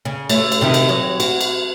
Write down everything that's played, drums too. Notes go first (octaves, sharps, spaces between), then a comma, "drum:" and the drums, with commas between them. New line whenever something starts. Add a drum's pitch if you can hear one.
C#3
A3 C#4, drum: cymbal
drum: cymbal
C3 D#3 E4
drum: cymbal
F#3
F#4, drum: cymbal
drum: cymbal